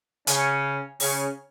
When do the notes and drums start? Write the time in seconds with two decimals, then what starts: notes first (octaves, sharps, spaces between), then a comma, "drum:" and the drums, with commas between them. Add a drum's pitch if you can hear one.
0.27 C#3 C#4, drum: hi-hat
1.00 C#3 C#4, drum: open hi-hat